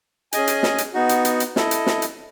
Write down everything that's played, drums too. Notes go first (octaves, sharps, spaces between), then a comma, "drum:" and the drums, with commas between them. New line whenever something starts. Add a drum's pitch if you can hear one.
C#4 G#4 D#5 G#5, drum: hi-hat
drum: hi-hat
drum: snare
drum: hi-hat
B3 D#4 F#4
drum: hi-hat
drum: hi-hat
drum: hi-hat
E4 A4 D#5, drum: snare
drum: hi-hat
drum: snare
drum: hi-hat